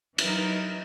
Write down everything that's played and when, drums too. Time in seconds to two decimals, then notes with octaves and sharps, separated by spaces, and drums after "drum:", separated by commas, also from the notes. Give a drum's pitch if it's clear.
0.18 E3 F#3 D#4 A#4 B4, drum: cymbal